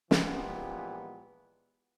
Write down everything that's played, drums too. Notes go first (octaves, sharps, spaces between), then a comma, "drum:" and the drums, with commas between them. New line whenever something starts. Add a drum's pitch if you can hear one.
A#2 E3 F3 G#3 B3 G4, drum: snare